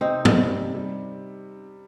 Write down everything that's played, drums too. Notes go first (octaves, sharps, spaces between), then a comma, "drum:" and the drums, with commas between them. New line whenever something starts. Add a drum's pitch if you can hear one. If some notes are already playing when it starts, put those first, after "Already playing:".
C3 C4 D#4
G3, drum: tom G2
C3
G3